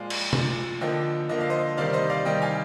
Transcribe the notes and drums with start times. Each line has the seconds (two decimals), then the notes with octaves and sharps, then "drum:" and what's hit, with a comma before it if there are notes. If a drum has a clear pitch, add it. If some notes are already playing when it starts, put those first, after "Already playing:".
Already playing: A#2 F3 G#3 D5 F5
0.10 drum: cymbal
0.33 A#2 F3 G#3, drum: tom
0.81 D3 F3 A#3 D#5 G5
1.29 D3 F3 A#3 D#5
1.40 F5
1.50 C5 D#5
1.77 C3 D#3 G3 D5 F5
1.93 C5 D#5
2.10 D5 F5
2.25 C3 D#3 G3 D#5 G5
2.42 F5 G#5